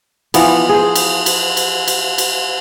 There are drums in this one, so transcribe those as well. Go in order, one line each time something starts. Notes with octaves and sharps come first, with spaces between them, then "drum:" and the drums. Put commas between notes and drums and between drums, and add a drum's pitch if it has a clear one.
E3 F3 B3, drum: cymbal
G#4 C5
drum: cymbal
drum: cymbal
drum: cymbal
drum: cymbal
drum: cymbal